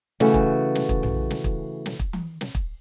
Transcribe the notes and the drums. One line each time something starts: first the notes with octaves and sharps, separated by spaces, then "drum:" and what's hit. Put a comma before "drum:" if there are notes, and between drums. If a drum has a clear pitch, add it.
C#3 E3 A3 F#4, drum: snare
drum: kick
drum: snare
drum: kick
drum: tom A#1
drum: snare
drum: kick
drum: snare
drum: kick
drum: tom E3
drum: snare
drum: kick